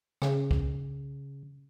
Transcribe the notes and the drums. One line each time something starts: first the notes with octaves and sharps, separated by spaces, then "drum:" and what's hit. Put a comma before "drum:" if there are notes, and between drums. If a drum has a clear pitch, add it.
C#3, drum: rim click
drum: kick